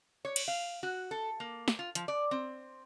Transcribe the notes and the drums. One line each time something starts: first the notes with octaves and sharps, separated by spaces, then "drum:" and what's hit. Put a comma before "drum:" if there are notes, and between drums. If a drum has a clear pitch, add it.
C#5
drum: cymbal
F5
F#4
A4
A#3
drum: snare
F4
F3, drum: hi-hat
D5
C4